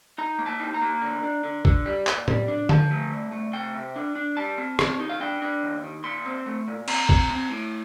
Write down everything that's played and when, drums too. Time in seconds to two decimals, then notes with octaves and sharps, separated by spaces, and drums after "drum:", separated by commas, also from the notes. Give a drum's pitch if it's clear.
0.18 D#4 A#5
0.39 A#3
0.46 A5
0.60 D#4
0.74 A#5
0.81 A#3
1.01 D3
1.23 D4
1.44 D3
1.65 D3, drum: kick
1.86 G3
2.07 A#2, drum: clap
2.28 G3, drum: tom A2
2.48 D4
2.69 F3 A5, drum: tom D3
2.91 A3
3.12 C2
3.32 A3
3.53 C3 G5
3.74 C3
3.96 D4
4.16 D4
4.37 G3 A5
4.58 C4
4.79 C4, drum: rim click
5.00 D#4
5.09 F5
5.20 D4 G5
5.42 D4
5.63 D#2
5.84 D#3
6.04 A#2 C6
6.26 C4
6.46 A3
6.68 A#2
6.88 C4 A#5, drum: cymbal
7.09 C4, drum: kick
7.30 C4
7.51 A2